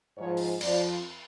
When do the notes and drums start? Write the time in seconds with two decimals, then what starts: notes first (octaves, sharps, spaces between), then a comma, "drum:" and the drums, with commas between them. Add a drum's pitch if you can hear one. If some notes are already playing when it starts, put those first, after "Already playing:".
0.17 G#2 F3 C#5
0.37 drum: open hi-hat
0.61 F2 F3 D5, drum: cymbal